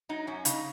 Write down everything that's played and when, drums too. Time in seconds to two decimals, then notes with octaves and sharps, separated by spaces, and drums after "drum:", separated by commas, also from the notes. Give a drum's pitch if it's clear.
0.09 F#3 D#4
0.27 F#2 C#4
0.45 C#3 D#4, drum: hi-hat